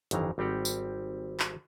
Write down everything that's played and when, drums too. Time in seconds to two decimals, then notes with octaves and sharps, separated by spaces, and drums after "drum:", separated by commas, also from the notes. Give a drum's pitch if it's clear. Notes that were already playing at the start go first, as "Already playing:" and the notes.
0.11 G1 F2 D#3 E3 A#5, drum: hi-hat
0.38 G#1 G3 C4 G4 F#5
0.65 drum: tambourine
1.40 drum: clap